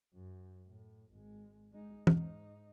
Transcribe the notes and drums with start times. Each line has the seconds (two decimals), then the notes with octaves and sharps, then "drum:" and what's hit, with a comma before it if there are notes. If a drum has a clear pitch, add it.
0.14 F#2
0.67 A2
1.11 G#1 G#3
1.72 G#3 D#4
2.07 G#2 D#4, drum: tom